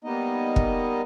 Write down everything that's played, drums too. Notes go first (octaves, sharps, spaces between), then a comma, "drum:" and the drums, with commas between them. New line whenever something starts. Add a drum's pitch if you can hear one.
G3 A#3 B3 D#4 D#5
drum: kick